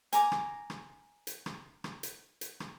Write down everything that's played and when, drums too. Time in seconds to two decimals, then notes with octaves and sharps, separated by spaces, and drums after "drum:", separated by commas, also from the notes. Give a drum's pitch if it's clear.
0.13 G#5 A#5 D6, drum: hi-hat
0.32 drum: rim click
0.70 drum: rim click
1.27 drum: hi-hat
1.46 drum: rim click
1.84 drum: rim click
2.03 drum: hi-hat
2.41 drum: hi-hat
2.60 drum: rim click